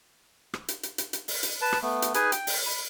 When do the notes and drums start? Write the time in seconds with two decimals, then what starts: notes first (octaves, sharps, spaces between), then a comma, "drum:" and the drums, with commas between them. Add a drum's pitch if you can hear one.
0.54 drum: rim click
0.68 drum: hi-hat
0.83 drum: hi-hat
0.98 drum: hi-hat
1.13 drum: hi-hat
1.28 drum: open hi-hat
1.43 drum: hi-hat
1.61 B4 A5
1.73 drum: rim click
1.82 A3 B3
2.02 drum: hi-hat
2.14 D#4 G#4 B4 G#5, drum: hi-hat
2.32 G5, drum: hi-hat
2.47 drum: open hi-hat
2.66 B5